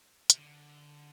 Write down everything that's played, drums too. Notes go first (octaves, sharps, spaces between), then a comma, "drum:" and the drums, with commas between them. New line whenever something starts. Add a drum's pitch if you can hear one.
C3, drum: hi-hat
D3